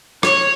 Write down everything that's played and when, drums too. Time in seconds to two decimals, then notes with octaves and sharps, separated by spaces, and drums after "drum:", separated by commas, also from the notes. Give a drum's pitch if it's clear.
0.23 C#5, drum: rim click